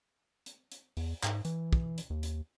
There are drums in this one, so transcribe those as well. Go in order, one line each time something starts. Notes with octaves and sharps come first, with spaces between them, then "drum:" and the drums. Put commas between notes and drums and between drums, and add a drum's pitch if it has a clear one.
drum: hi-hat
drum: hi-hat
E2, drum: open hi-hat
G#2, drum: clap
E3, drum: hi-hat
drum: kick
drum: hi-hat
D#2
drum: hi-hat